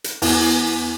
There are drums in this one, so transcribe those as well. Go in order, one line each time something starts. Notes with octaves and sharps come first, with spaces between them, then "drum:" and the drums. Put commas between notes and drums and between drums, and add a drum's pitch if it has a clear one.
drum: hi-hat
E2, drum: open hi-hat